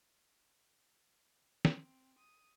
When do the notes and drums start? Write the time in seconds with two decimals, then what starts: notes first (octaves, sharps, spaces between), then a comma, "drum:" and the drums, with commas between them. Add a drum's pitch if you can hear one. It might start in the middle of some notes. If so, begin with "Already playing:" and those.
1.65 C4, drum: snare
2.18 D#6